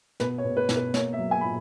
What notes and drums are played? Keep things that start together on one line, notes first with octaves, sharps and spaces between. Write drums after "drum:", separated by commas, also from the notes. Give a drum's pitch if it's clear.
B2 B4, drum: snare
C#5
B2
B4
B2, drum: snare
B4
A#3 C#5, drum: snare
E5
F#3
G#5
A#2 B5